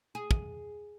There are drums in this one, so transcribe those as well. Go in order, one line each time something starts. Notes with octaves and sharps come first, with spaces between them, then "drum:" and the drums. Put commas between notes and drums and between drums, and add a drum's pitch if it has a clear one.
G#4
drum: kick